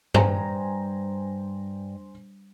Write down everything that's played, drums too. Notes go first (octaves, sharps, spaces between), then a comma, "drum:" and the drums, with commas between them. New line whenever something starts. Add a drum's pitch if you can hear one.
G2 C5 G#5 A#5, drum: tom G2